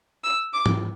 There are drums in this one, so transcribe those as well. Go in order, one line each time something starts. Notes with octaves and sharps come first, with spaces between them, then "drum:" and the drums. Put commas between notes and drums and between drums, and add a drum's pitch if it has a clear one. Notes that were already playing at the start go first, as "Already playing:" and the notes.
E6
D6
drum: tom G#2